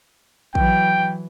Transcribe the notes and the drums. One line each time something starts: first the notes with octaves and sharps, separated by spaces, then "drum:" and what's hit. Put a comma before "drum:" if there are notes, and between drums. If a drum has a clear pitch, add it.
E3 F#3 G5, drum: kick